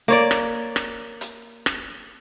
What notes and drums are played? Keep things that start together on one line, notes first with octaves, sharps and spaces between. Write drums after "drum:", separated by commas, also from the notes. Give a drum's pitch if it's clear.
A#3 C#5 D5
drum: rim click
drum: rim click
drum: hi-hat
drum: rim click